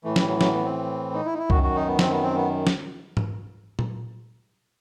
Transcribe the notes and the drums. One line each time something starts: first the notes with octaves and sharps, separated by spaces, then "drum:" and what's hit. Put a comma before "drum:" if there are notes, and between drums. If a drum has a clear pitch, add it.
A2 E3 A3
G3, drum: snare
F#3
F#3, drum: snare
B3
C4
D#4
E4
D#4
E4
F#2 D#3 F#4, drum: kick C2
F#4
D#4
B3
C4, drum: snare
B3
C4
B3
drum: snare
drum: tom G#2
drum: tom A#2